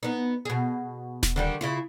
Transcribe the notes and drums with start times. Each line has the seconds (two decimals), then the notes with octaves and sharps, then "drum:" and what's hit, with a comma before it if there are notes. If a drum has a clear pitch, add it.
0.03 B3 D#4
0.45 B2 G#4
1.23 drum: snare D#1
1.36 D3 D#3 G3
1.61 C#3 E4 F4